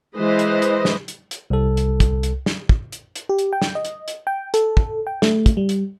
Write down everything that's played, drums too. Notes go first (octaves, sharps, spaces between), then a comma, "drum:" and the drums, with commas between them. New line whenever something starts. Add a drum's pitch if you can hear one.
E3 G#3 B4 C5 D#5
drum: hi-hat
drum: hi-hat
drum: snare
drum: hi-hat
drum: hi-hat
C2 A4
drum: hi-hat
drum: kick, hi-hat
drum: hi-hat
drum: snare
drum: kick
drum: hi-hat
drum: hi-hat
G4
drum: hi-hat
G5
drum: snare
D#5
drum: hi-hat
drum: hi-hat
G5
A4, drum: hi-hat
drum: kick
G5
A3, drum: snare
drum: kick, hi-hat
G3
drum: hi-hat